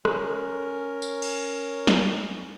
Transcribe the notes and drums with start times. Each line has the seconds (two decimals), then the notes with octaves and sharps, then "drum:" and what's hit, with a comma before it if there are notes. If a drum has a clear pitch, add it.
0.05 C#4 A#4, drum: rim click
1.02 drum: tambourine
1.22 drum: cymbal
1.87 drum: snare